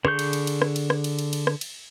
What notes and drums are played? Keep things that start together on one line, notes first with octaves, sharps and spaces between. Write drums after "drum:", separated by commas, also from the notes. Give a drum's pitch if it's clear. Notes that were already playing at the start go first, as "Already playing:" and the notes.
D3 G#4 C#6 G6, drum: rim click
drum: cymbal
drum: cymbal
drum: cymbal
drum: rim click
drum: cymbal
drum: rim click
drum: cymbal
drum: cymbal
drum: cymbal
drum: rim click
drum: cymbal